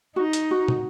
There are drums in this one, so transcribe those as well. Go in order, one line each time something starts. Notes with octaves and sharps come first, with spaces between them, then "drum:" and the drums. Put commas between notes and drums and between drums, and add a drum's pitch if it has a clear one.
D#4 F#4
drum: hi-hat
F#4
drum: tom